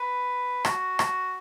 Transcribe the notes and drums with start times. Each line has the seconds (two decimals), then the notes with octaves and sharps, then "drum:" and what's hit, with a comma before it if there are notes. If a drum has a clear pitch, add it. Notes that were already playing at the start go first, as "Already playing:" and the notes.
Already playing: B4
0.65 F#4, drum: rim click
0.99 drum: rim click